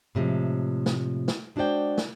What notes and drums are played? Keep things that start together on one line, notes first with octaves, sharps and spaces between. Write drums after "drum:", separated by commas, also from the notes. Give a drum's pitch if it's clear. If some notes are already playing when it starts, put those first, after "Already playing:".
A2 C3 F3 G#3
drum: snare
drum: snare
G#3 D4 F#4 C5 D5 G5
drum: snare